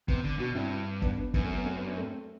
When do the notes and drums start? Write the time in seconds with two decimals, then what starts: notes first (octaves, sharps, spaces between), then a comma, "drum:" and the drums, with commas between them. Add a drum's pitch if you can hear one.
0.08 C3 B3, drum: kick
0.24 D3
0.39 B2 D4 F#4
0.55 G2 C4 E4
1.02 B3 D4, drum: kick
1.18 B3 D4
1.34 F#2 B3, drum: kick
1.44 A3 C4
1.55 B3
1.65 A3 C4
1.76 B3
1.86 B3 D4
1.97 A3 C4